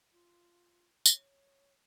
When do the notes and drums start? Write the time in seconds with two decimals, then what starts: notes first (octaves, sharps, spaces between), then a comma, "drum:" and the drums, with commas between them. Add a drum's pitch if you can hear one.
0.12 F4
1.06 C#5, drum: tambourine